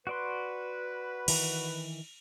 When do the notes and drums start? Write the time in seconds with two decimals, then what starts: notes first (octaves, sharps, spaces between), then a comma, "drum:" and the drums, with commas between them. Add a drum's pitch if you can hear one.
0.07 F#4 B4 D5 C6
1.28 D#3 E3, drum: cymbal